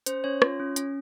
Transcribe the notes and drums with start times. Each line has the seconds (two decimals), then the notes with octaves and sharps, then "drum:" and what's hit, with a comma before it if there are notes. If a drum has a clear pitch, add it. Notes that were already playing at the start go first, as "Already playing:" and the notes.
0.06 C#4 C5, drum: hi-hat
0.24 C#4 C#5
0.42 F4, drum: rim click
0.60 C#4
0.76 C#4, drum: hi-hat